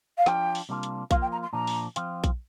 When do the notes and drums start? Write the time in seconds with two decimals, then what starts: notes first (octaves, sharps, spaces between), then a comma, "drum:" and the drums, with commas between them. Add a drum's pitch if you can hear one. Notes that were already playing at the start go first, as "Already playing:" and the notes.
0.18 F5
0.26 F3 D4 F4 G5, drum: snare
0.55 drum: open hi-hat
0.69 C3 G3 A#3 D4 F4
0.83 drum: hi-hat
1.11 F3 A#3 F4 F5, drum: kick A#1, hi-hat
1.22 G5
1.32 A#5
1.43 C6
1.53 A#2 F3 D4 A#5
1.67 drum: open hi-hat
1.96 F3 C4 F4, drum: hi-hat
2.24 drum: kick A#1, hi-hat